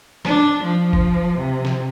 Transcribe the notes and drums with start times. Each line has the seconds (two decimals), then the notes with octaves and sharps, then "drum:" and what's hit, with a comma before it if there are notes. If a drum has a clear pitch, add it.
0.25 D4, drum: snare
0.64 F3
0.93 drum: kick F#1
1.38 C3
1.65 drum: snare